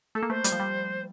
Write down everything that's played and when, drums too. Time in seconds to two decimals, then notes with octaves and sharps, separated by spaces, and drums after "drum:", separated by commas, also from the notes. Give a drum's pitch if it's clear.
0.15 A3 A4
0.23 A#3
0.30 A3 C5
0.44 G3, drum: hi-hat
0.52 F3
0.60 G3